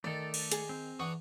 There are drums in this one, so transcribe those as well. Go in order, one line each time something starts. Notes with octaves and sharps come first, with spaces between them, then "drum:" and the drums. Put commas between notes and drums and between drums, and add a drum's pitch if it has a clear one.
D#3 A3 A4 D5
drum: cymbal
G#4, drum: hi-hat
C4
E3 D4 F#5 C#6 D#6